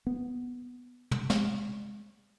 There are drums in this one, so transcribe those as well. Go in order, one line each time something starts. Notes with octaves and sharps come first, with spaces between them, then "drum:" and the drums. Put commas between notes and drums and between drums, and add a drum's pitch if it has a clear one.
B3
drum: tom
G#3, drum: snare